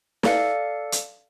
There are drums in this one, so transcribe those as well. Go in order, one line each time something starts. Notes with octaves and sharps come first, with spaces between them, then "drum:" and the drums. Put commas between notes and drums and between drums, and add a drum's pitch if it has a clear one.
A4 D5 F5 C#7, drum: snare
drum: hi-hat